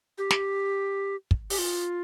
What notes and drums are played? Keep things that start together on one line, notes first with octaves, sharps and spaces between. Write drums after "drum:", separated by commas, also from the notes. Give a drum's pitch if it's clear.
G4
drum: snare
drum: kick
G4, drum: open hi-hat
F4